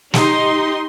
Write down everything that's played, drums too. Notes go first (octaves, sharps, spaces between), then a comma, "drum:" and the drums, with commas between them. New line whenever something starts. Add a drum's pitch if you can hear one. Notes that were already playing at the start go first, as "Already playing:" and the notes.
D#4 G4 D#5 C6, drum: snare